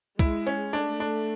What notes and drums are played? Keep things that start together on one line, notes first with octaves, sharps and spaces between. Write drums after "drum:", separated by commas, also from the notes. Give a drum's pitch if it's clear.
G#3 E4, drum: kick
C#4
A3 D4
D4